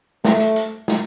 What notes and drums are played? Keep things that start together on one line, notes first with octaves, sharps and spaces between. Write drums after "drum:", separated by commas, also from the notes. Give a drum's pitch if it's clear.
A3, drum: snare
drum: hi-hat
drum: hi-hat
drum: snare